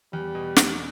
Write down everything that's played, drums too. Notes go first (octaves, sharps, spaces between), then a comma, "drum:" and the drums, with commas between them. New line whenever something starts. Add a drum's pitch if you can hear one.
E2 G3
B2
E1, drum: snare